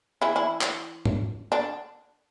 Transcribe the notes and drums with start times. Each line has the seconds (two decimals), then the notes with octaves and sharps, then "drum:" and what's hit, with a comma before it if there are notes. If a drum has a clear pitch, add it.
0.22 E3 E4
0.36 E3 E4
0.61 drum: clap
1.05 drum: tom G#2
1.52 D3 D4